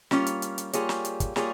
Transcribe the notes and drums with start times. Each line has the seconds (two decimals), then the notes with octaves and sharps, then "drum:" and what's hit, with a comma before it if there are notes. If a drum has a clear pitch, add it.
0.11 G3 A#3 C#4 F4, drum: snare
0.27 drum: hi-hat
0.42 drum: hi-hat
0.58 drum: hi-hat
0.73 G3 A#3 F4 G#4 C#5, drum: hi-hat
0.89 drum: snare
1.05 drum: hi-hat
1.20 drum: kick, hi-hat
1.36 G3 A#3 F4 G#4 C#5, drum: snare